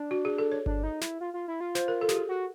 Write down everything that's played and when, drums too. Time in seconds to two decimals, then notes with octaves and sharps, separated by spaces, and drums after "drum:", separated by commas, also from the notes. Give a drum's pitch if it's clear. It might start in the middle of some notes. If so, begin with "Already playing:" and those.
Already playing: D4
0.11 F#4
0.25 G#4
0.38 A4
0.52 C#5
0.66 D4, drum: kick G1
0.83 D#4
1.01 E4, drum: snare
1.21 F4
1.34 F4
1.48 E4
1.61 F4
1.75 C5, drum: snare
1.88 A#4
2.01 A4
2.09 G4, drum: snare
2.15 G#4
2.29 F#4